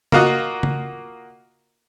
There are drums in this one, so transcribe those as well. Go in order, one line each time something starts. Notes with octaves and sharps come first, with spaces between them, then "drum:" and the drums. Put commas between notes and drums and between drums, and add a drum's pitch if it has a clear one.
A#3 F4 F#4 D#5 F#5, drum: tom C#3
drum: tom C#3